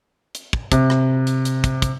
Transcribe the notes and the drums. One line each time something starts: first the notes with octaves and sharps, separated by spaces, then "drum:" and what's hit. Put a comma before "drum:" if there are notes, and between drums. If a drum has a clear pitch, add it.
drum: hi-hat
drum: kick
C3, drum: kick, hi-hat
drum: rim click
drum: hi-hat
drum: hi-hat
drum: kick, hi-hat
drum: kick, hi-hat